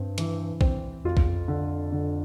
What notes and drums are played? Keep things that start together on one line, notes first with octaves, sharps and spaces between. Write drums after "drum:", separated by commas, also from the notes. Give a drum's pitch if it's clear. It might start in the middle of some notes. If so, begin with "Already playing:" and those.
Already playing: G2 C4
E3, drum: hi-hat
C4, drum: kick A#1
F2 F4
E2, drum: kick A#1
F2
D3
D3